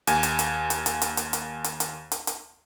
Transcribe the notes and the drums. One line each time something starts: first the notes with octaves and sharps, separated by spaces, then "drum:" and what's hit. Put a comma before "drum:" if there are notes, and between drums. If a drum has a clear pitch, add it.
D#2 G#5, drum: hi-hat
drum: hi-hat
drum: hi-hat
drum: hi-hat
drum: hi-hat
drum: hi-hat
drum: hi-hat
drum: hi-hat
drum: hi-hat
drum: hi-hat
drum: hi-hat
drum: hi-hat